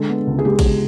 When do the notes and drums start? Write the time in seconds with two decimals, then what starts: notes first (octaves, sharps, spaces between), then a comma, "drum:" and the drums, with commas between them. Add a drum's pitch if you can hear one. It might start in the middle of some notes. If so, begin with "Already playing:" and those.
Already playing: D3 G#3 A4
0.09 B3
0.27 C#2
0.39 G#4
0.45 G#3 G4
0.59 drum: kick, cymbal